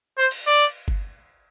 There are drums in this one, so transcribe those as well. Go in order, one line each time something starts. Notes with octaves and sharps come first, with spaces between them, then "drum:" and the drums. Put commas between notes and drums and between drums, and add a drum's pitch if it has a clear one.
C5
drum: cymbal
D5
drum: kick G1